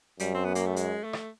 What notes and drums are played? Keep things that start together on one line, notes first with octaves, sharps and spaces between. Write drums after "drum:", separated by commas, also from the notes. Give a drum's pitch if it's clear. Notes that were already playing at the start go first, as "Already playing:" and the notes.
F#2 G3, drum: hi-hat
C4
B3
A#3, drum: hi-hat
A3
G#3, drum: hi-hat
A3
drum: rim click